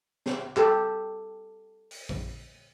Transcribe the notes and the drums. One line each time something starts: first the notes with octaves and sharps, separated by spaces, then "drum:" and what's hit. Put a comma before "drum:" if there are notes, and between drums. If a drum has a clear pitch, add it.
drum: snare
G4 A4, drum: clap
drum: open hi-hat
drum: kick A1